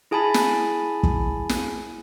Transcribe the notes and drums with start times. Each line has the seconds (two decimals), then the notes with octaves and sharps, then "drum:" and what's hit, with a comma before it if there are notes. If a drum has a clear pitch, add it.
0.11 E4 G#4 G#5 A5 B5 A6
0.34 drum: snare
1.03 drum: kick
1.49 drum: snare